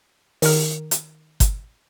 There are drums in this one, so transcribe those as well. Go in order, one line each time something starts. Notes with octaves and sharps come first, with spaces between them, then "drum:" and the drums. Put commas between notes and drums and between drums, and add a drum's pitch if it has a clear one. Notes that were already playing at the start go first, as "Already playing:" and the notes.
D#3 A#4, drum: open hi-hat
drum: hi-hat
drum: kick G1, hi-hat